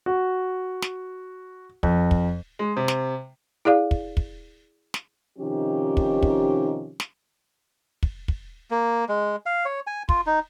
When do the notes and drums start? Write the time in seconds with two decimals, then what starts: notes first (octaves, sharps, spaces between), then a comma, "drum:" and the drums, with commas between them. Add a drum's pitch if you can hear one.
0.06 F#4
0.82 drum: snare
1.83 F2, drum: kick
2.11 drum: kick
2.59 G#3
2.77 C3
2.88 drum: snare
3.65 E4 G#4 D5 F5
3.91 drum: kick
4.17 drum: kick
4.94 drum: snare
5.39 C3 D#3 F3 C#4 D#4 G4
5.97 drum: kick
6.23 drum: kick
7.00 drum: snare
8.03 drum: kick
8.28 drum: kick
8.71 A#3
9.09 G#3
9.46 F5
9.65 C#5
9.87 G#5
10.09 F4, drum: kick
10.26 D#4